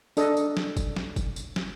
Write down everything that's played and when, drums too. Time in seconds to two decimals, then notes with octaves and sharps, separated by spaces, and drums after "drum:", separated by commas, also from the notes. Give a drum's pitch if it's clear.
0.17 D4 A4 D#5, drum: tambourine
0.37 drum: tambourine
0.57 drum: snare
0.77 drum: kick, tambourine
0.96 drum: snare
1.16 drum: kick, tambourine
1.36 drum: tambourine
1.56 drum: snare